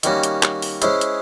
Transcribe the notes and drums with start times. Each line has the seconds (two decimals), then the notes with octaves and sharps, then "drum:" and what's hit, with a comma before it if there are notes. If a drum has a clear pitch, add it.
0.03 D#3 G3 A#3 C#4 F#4, drum: hi-hat
0.23 drum: hi-hat
0.43 drum: clap
0.62 drum: open hi-hat
0.82 G#3 C#4 E4 G#4 C5, drum: hi-hat
1.01 drum: hi-hat